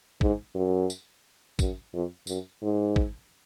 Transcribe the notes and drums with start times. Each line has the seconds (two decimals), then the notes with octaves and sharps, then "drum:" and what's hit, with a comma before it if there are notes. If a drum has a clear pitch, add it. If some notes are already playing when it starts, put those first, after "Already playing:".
0.21 G#2, drum: kick
0.55 F#2
0.90 drum: tambourine
1.59 F#2, drum: kick, tambourine
1.93 F2
2.27 F#2, drum: tambourine
2.62 G#2
2.96 drum: kick